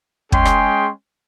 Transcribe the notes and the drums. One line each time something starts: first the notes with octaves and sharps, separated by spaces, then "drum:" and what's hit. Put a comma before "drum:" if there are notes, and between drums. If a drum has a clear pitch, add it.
G#3 C#4 G#4 G5 C6, drum: kick
drum: rim click